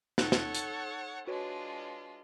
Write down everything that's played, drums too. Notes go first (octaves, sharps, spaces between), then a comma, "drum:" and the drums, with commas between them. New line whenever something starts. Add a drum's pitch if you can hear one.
D#4 A4 C#5 F#5 F#6, drum: snare
drum: snare
drum: hi-hat
G#3 D4 F4 F#4 B4 C#5